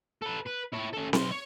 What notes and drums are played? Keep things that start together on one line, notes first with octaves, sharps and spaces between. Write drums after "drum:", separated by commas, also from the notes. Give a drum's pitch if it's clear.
A4 B4
B4
E4 C#5
C#4 A4
B1 C6, drum: snare C4
C#5